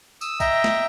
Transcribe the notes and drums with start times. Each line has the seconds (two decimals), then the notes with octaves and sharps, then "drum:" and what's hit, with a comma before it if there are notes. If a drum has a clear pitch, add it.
0.21 D#6 E6, drum: tambourine
0.40 D#5 E5 G5 A#5, drum: kick, tambourine
0.64 drum: snare